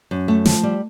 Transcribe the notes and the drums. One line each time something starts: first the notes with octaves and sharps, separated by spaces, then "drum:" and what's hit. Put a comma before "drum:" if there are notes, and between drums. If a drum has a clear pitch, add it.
F#2
A3
F3, drum: snare
G3